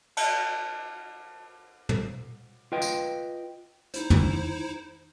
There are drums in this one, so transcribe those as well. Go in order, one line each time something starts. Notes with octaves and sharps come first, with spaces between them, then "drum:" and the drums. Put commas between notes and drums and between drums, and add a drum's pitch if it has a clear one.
A5, drum: cymbal
drum: tom
F4 B4 D#5 G5
drum: tambourine
D#4 E4 C5, drum: hi-hat
drum: tom F2